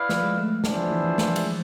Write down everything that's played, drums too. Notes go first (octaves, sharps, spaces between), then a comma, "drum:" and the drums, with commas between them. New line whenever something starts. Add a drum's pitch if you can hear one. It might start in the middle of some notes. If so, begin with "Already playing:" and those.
Already playing: E4 B4 D5 F5
F3, drum: snare
G#3
A3
G#3 B3 D4 G#4 C5 E5, drum: snare
F3
E3
F3
F3, drum: snare
G#3, drum: cymbal